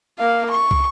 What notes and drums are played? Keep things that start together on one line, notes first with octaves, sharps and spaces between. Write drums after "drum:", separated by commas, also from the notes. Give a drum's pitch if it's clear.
A#3 F5
C#6
drum: kick